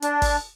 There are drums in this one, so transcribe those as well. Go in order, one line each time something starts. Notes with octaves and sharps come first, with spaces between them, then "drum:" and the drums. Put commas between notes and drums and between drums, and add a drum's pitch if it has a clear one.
D4, drum: hi-hat
drum: kick, open hi-hat